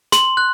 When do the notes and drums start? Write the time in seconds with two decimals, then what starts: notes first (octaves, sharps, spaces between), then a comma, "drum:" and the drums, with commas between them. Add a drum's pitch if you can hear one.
0.12 C6, drum: snare
0.37 F#6